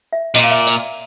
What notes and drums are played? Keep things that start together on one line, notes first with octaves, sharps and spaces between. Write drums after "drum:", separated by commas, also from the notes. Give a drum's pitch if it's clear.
E5
A#2 D#5, drum: hi-hat
F5
E5
D5, drum: tambourine